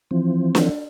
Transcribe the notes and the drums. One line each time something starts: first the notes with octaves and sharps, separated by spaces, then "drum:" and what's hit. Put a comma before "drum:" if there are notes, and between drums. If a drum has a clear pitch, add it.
E3 F3 C4
drum: snare